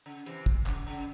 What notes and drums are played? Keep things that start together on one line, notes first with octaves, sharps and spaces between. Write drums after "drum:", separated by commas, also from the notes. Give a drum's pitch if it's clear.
C#3
C3 E3, drum: hi-hat
drum: kick
C#3, drum: clap
C#3